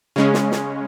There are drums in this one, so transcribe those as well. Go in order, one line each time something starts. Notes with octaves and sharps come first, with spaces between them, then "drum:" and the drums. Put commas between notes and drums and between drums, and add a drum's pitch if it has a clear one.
C#3 G#3 C#4
drum: snare
drum: snare